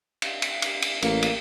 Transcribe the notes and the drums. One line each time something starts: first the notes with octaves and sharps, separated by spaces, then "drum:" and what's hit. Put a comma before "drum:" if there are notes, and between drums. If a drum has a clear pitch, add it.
drum: cymbal
drum: cymbal
drum: cymbal
drum: cymbal
A1 A#3, drum: cymbal
drum: cymbal